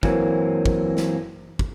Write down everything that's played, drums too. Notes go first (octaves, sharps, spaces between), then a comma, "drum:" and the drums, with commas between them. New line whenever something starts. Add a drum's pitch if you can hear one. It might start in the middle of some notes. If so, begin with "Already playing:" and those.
E3 F#3 A#3 C4, drum: kick
drum: kick
drum: snare
drum: kick